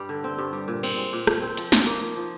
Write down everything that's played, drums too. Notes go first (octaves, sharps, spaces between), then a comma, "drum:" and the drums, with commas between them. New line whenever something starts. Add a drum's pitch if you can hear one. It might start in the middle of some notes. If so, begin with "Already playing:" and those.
Already playing: G2 G3
D3
C4
G2
G3
A#2
C4, drum: cymbal
G#3
A#2
A#2, drum: rim click
C4
F3, drum: hi-hat
D#4, drum: snare
A#3
F3
F3